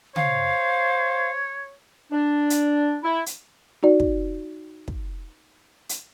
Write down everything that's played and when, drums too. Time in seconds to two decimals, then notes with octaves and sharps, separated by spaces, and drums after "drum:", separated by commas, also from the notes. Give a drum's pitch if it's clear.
0.16 C5 C#5 F5, drum: tom C#3
2.12 D4
2.50 drum: hi-hat
3.03 E4
3.26 drum: hi-hat
3.83 D#4 F#4 D5
4.00 drum: kick
4.88 drum: kick
5.89 drum: hi-hat